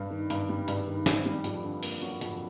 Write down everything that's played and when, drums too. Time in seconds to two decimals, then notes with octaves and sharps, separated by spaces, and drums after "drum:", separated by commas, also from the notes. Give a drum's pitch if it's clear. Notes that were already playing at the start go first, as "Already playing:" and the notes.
Already playing: G2
0.10 D#3
0.30 G2, drum: hi-hat
0.49 G3
0.68 G2, drum: hi-hat
0.87 D#3
1.06 G2, drum: snare
1.25 G3
1.44 F2, drum: hi-hat
1.64 D3
1.83 A#3, drum: open hi-hat
2.02 F#3
2.21 F2, drum: hi-hat